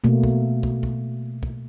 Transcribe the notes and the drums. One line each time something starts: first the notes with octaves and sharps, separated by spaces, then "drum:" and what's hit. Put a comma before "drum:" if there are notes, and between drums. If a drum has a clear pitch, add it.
B2 A3 A#3
drum: kick
drum: kick
drum: kick
drum: kick